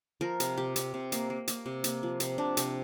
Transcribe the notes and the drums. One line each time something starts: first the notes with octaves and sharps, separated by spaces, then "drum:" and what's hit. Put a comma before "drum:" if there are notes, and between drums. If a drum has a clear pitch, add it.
F3 A#4
C3, drum: hi-hat
C3 G4
C3, drum: hi-hat
C3
A#3, drum: hi-hat
A#3
A#3, drum: hi-hat
C3
A#3, drum: hi-hat
F3
C3, drum: hi-hat
C3 D4
C3, drum: hi-hat